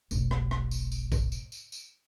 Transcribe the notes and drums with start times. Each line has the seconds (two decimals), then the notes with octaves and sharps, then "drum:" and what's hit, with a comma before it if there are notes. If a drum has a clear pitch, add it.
0.11 F1 B1, drum: tambourine
0.31 drum: rim click
0.51 drum: rim click
0.71 drum: tambourine
0.92 drum: tambourine
1.12 drum: kick A#1, tambourine
1.32 drum: tambourine
1.52 drum: tambourine
1.72 drum: tambourine